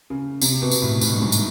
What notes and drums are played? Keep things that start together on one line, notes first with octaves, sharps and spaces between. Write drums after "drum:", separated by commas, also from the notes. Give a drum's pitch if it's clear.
C#3
C3, drum: tambourine
B2
drum: tambourine
A2
G#2, drum: tambourine
G2
G#2
drum: tambourine